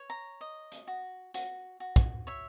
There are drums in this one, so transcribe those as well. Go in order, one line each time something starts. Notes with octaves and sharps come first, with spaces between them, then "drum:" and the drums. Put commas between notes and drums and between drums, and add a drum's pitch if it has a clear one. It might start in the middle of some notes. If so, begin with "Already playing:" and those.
Already playing: C#5
A#5
D#5
drum: hi-hat
F#4
F#4, drum: hi-hat
F#4
drum: kick, hi-hat
C#5 E5